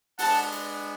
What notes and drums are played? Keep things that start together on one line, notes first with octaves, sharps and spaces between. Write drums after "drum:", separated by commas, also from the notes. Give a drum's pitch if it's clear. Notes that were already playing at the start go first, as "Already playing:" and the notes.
G#3 B3 D4 F#5 A5, drum: open hi-hat
drum: hi-hat